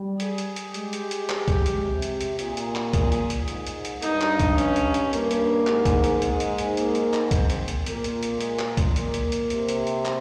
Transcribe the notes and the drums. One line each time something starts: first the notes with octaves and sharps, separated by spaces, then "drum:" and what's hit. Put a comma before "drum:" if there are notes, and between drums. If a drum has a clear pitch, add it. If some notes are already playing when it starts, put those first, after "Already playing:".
Already playing: G3
G#4, drum: hi-hat
drum: hi-hat
drum: hi-hat
G#3 G4, drum: hi-hat
drum: hi-hat
drum: hi-hat
drum: clap
drum: kick B1, hi-hat
drum: hi-hat
C3
drum: hi-hat
drum: hi-hat
A#2 G#4, drum: hi-hat
drum: hi-hat
drum: clap
G#4, drum: kick B1, hi-hat
drum: hi-hat
drum: hi-hat
G#2, drum: hi-hat
drum: hi-hat
drum: hi-hat
G2 D#4, drum: hi-hat
drum: clap
drum: kick B1, hi-hat
C#4, drum: hi-hat
drum: hi-hat
drum: hi-hat
G2 A#3, drum: hi-hat
drum: hi-hat
G#2, drum: clap
drum: kick B1, hi-hat
drum: hi-hat
G#3, drum: hi-hat
drum: hi-hat
drum: hi-hat
A#3, drum: hi-hat
drum: hi-hat
drum: clap
C4, drum: kick B1, hi-hat
drum: hi-hat
drum: hi-hat
A#2 A#3, drum: hi-hat
drum: hi-hat
drum: hi-hat
G#3, drum: hi-hat
drum: clap
drum: kick B1, hi-hat
A#3, drum: hi-hat
drum: hi-hat
drum: hi-hat
C3, drum: hi-hat
drum: hi-hat
drum: hi-hat
drum: clap